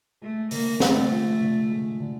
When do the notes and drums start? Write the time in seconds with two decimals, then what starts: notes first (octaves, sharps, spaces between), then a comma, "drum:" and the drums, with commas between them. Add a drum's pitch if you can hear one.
0.21 G#3 A3
0.51 D3 A#3, drum: open hi-hat
0.80 D3 A3, drum: snare
1.11 F3
1.41 D3
1.70 G#3
2.00 D3